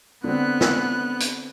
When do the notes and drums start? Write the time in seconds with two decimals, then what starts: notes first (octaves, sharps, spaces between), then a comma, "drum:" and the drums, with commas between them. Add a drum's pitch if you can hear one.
0.24 D3 B3 C4 F#6
0.61 drum: snare
1.20 drum: hi-hat